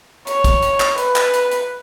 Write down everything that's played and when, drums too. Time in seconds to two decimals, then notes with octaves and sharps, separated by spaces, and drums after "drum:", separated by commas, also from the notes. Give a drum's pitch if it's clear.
0.27 C#5, drum: hi-hat
0.44 drum: kick, hi-hat
0.62 drum: hi-hat
0.80 drum: clap
0.98 B4, drum: hi-hat
1.16 drum: clap
1.33 drum: hi-hat
1.51 drum: hi-hat